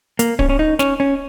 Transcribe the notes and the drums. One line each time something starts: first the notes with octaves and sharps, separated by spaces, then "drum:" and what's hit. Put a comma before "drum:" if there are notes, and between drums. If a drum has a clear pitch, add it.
A#3, drum: hi-hat
C#4, drum: kick D1
C#4
D#4
C#4, drum: snare
C#4